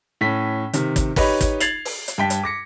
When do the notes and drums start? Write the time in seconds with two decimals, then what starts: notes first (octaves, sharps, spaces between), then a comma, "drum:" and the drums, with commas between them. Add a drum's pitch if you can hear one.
0.21 A2 C#4 B6
0.73 C3 D#3, drum: hi-hat
0.96 drum: kick, hi-hat
1.16 D#4 G4 B4 C#5 D#5 B5, drum: kick, open hi-hat
1.41 drum: kick, hi-hat
1.60 G#6 A6 C7 F7 F#7, drum: hi-hat
1.85 drum: open hi-hat
2.08 drum: hi-hat
2.18 G2 G5 B6
2.30 drum: hi-hat
2.44 D6 A#6 C#7